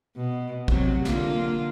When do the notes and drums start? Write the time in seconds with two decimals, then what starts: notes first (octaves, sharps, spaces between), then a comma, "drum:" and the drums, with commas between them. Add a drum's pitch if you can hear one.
0.16 B2
0.68 C3 F#3, drum: kick
1.05 D3 A#3 F4, drum: snare